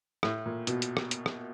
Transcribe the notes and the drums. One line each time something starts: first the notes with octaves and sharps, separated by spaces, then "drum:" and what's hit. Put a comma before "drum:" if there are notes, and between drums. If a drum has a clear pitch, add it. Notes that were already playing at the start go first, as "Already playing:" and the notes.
A2, drum: rim click
A#2
B2, drum: hi-hat
drum: hi-hat
drum: rim click
drum: hi-hat
drum: rim click